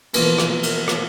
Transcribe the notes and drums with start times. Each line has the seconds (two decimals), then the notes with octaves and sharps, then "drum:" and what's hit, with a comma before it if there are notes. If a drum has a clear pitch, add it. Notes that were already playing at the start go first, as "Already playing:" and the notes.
0.14 F2 B2 E3 A3 A#3, drum: cymbal
0.38 drum: rim click
0.63 drum: cymbal
0.88 drum: rim click